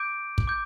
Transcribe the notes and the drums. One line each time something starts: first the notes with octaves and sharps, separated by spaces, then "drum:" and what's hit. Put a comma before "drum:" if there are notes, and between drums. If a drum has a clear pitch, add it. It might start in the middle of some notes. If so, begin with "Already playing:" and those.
Already playing: D6 G6 D7
drum: kick
D6 G6